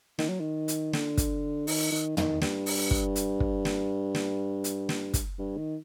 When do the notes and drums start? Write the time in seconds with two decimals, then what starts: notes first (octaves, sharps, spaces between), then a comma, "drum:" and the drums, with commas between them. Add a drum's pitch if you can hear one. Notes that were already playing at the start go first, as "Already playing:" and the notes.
0.19 D#3, drum: snare
0.29 F#3
0.40 D#3
0.68 drum: hi-hat
0.93 D3, drum: snare
1.17 drum: kick, hi-hat
1.67 D#3, drum: open hi-hat
1.92 D#3
2.17 D#3, drum: tom
2.41 G2, drum: snare
2.66 drum: open hi-hat
2.91 drum: kick
3.16 drum: hi-hat
3.40 drum: kick
3.65 drum: snare
4.15 drum: snare
4.64 drum: hi-hat
4.89 drum: snare
5.14 drum: kick, hi-hat
5.38 G2
5.57 D#3